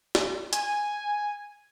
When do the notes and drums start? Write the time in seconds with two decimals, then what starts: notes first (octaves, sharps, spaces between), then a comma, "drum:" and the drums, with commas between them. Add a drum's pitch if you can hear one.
0.15 drum: snare
0.53 G#5, drum: hi-hat